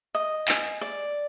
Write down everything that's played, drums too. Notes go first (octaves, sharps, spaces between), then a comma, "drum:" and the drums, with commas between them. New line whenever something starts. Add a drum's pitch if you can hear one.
D#5
G#5, drum: clap
D5